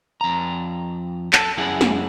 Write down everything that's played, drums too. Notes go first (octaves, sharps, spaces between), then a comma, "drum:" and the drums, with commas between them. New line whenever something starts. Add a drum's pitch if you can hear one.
F2 A#5
A4, drum: clap
F#2 E4 G#4 F#5
drum: snare